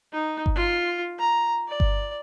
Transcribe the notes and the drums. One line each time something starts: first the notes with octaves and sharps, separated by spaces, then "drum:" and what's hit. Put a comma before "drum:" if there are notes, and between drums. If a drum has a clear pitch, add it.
D#4
drum: kick G1
F4
A#5
D5
drum: kick G1